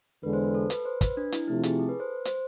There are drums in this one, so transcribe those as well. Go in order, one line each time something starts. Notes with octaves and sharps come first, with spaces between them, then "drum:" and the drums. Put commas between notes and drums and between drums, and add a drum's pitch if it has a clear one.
E2 D3 G#3 B4
C5
B4
A4
B4, drum: hi-hat
C5
B4, drum: kick, hi-hat
D4
E4, drum: hi-hat
C3 F3 A3 C4 E4
G#4, drum: hi-hat
A4
B4
C5
C5, drum: hi-hat